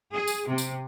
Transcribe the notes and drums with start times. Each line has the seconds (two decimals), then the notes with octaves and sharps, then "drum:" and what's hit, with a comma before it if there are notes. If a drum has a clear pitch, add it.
0.12 G#4
0.28 drum: tambourine
0.47 C3
0.58 drum: tambourine